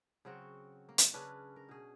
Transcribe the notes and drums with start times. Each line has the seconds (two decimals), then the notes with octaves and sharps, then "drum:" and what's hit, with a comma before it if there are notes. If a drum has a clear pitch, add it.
0.25 C#3 F#3 C4 F#4
0.89 A#3
0.98 drum: hi-hat
1.14 C#3 C#4 D4 B4
1.56 A#4
1.69 B2 G#4